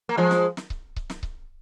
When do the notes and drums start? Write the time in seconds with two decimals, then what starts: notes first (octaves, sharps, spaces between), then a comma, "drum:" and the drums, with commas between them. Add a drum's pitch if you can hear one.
0.09 A#3
0.17 F3 G#3
0.31 drum: snare
0.57 drum: snare
0.70 drum: kick C#1
0.96 drum: kick C#1
1.10 drum: snare
1.23 drum: kick C#1